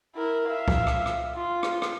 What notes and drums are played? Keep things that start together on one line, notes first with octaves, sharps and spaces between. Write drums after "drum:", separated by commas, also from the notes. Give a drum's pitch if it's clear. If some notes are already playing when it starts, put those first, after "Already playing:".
E4 A#4
E5 F5
drum: kick C2
drum: rim click
drum: rim click
F4
drum: rim click
drum: rim click